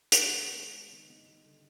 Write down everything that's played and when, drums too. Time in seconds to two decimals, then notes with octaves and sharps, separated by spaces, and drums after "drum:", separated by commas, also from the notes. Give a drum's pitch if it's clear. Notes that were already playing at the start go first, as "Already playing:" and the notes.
0.12 drum: hi-hat
0.22 B3
0.40 D#3
0.57 G#3
0.75 G#3
0.92 D#3
1.10 D#3
1.28 G3
1.45 D3